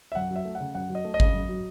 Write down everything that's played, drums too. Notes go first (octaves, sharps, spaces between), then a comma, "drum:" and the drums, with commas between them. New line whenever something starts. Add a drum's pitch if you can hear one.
E5
F#2 F#5
F#3
E5
A3
F#5
C#3
F#2 F#5
F#3
D#5
A3
D#5
C#3, drum: kick G#1
F#2
F#3